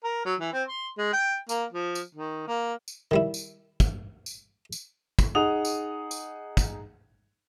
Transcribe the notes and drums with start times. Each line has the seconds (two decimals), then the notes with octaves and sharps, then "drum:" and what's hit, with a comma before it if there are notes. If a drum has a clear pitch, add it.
0.04 A#4
0.26 F#3
0.40 E3
0.53 C4
0.69 C6
0.98 G#3
1.13 G5
1.49 A#3, drum: tambourine
1.73 F3
1.95 drum: tambourine
2.15 D#3
2.48 A#3
2.88 drum: tambourine
3.11 D#3 G3 E4
3.34 drum: tambourine
3.80 drum: kick, tambourine
4.26 drum: tambourine
4.72 drum: tambourine
5.19 drum: kick, tambourine
5.35 D#4 G#4 F#5 D#6 F7
5.65 drum: tambourine
6.11 drum: tambourine
6.57 drum: kick, tambourine